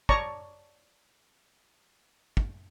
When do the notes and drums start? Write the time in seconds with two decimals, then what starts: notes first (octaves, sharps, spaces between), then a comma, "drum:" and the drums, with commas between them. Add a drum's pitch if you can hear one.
0.09 C#5 D5 A5 A#5 C#6, drum: kick
2.37 drum: kick